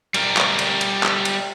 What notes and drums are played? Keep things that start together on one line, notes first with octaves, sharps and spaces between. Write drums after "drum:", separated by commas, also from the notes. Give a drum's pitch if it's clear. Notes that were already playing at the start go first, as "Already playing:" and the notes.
G3 A#4, drum: cymbal
drum: clap
drum: cymbal
drum: cymbal
drum: clap
drum: cymbal